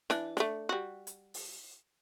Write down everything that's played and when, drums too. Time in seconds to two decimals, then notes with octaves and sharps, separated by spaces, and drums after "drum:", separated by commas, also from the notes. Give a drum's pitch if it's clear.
0.10 E3 D4, drum: snare
0.37 A3 D4, drum: snare
0.69 G3 F#4
1.07 drum: hi-hat
1.34 drum: open hi-hat